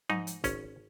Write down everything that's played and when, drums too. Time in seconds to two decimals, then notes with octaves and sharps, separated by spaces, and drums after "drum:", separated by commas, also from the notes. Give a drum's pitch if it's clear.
0.10 G#2 D#4, drum: tom F3
0.27 drum: hi-hat
0.44 G#1 C#4, drum: kick, hi-hat